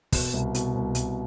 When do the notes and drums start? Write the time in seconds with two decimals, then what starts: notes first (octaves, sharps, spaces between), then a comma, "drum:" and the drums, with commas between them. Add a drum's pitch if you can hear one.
0.12 B2, drum: kick, open hi-hat
0.33 C2
0.55 B2, drum: hi-hat
0.75 C2
0.95 C2, drum: hi-hat